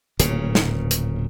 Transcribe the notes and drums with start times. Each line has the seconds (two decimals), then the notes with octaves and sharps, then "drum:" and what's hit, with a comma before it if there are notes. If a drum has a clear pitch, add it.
0.20 D1 A#2 C#3, drum: hi-hat
0.55 drum: snare
0.91 drum: hi-hat